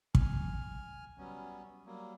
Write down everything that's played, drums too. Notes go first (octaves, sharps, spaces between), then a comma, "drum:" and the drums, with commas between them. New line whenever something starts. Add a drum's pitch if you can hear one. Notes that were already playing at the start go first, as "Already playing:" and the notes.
G#5 F6, drum: kick
F#3 G3 B3 C#4
F#3 G3 A#3